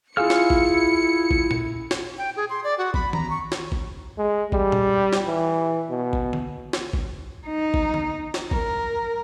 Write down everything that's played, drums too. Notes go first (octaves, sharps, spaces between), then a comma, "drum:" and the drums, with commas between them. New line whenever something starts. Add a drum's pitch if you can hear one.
E4 F4 G#4 F5 E6 F6 C#7
drum: snare
drum: kick
drum: kick
drum: tom A#2
drum: snare
G5
G#4
C6
D5
F#4
B5, drum: kick
A#5, drum: tom D#3
C#6
drum: snare
drum: kick
G#3
G3, drum: kick
drum: tom A#2
drum: snare
E3
B2
drum: kick
drum: tom D3
drum: snare
drum: kick
D#4
drum: kick
drum: tom D3
drum: snare
A#4, drum: kick